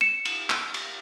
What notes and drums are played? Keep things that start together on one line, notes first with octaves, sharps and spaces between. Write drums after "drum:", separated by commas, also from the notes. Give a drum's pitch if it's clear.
C#7 E7
drum: cymbal
drum: clap
drum: cymbal